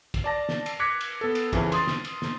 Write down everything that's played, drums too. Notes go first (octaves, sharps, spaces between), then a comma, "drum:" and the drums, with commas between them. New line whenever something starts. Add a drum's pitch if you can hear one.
drum: kick, cymbal
D5 A5 A#6
drum: snare
drum: cymbal
D6 F#6 G#6 A#6 B6 C#7
drum: cymbal
B3 A4
drum: cymbal
F2 C#3 E3, drum: kick, cymbal
C6 D#6 A6, drum: cymbal
drum: snare
drum: cymbal
drum: snare